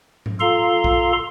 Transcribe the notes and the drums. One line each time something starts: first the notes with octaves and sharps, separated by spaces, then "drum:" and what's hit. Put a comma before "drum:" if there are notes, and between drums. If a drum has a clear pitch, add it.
drum: tom G#2
F4 A4 F5 A#5 C6
drum: kick A#1